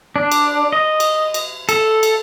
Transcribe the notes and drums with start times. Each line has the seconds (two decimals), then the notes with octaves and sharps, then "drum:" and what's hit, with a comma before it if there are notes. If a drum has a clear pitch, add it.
0.16 D4
0.32 drum: cymbal
0.73 D#5
1.00 drum: cymbal
1.34 drum: cymbal
1.69 A4, drum: cymbal
2.03 drum: cymbal